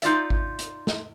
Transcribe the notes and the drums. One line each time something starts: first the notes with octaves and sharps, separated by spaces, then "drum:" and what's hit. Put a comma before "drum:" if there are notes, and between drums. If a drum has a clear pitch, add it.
D#4 F4 D5 E5, drum: hi-hat
drum: kick G#1
drum: hi-hat
drum: snare